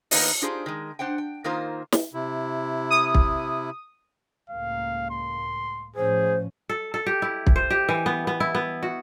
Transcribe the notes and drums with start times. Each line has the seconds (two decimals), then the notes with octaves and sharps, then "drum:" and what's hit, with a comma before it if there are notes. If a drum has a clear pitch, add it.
0.11 D#3 A#3 B3 D#4 B4 D#5, drum: open hi-hat
0.42 D4 D#4 F4 G4 G#4 C5
0.66 D#3 G#3
0.99 D4 C5 F#5 G5
1.18 G5
1.44 D#3 A#3 D#4 F4 C5
1.92 drum: snare
2.14 C3 E4
2.91 D#6
3.15 drum: kick
4.50 C#2 A2 A#3 F5
5.10 C6
5.96 A2 F3 C#4 G#4 C5
6.69 A4
6.94 A4
7.06 G4
7.22 E4
7.47 drum: kick
7.56 C5
7.70 G4
7.89 E3
8.06 B3
8.27 B3
8.40 E4
8.55 B3
8.83 F#4